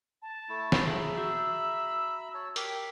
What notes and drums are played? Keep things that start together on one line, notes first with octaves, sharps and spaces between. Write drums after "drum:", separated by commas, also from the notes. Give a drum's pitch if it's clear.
A5
A3 E4
drum: snare
G#4 E5 A#5 B5
F#4 E6
C#5 A5
G4 A#4 D6 B6, drum: hi-hat